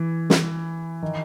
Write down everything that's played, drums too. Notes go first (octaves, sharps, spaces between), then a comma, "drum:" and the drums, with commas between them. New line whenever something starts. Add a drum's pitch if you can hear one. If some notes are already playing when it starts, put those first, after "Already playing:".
Already playing: E3
drum: snare
D#3